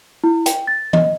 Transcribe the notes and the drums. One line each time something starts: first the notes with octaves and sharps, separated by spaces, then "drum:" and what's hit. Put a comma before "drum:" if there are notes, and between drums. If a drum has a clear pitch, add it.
E4
G5, drum: hi-hat
A6
D#5, drum: tom